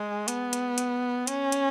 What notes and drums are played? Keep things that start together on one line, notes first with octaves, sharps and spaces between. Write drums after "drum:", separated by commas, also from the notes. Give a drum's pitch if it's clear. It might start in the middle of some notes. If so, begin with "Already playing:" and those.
Already playing: G#3
B3, drum: hi-hat
drum: hi-hat
drum: hi-hat
C#4, drum: hi-hat
drum: hi-hat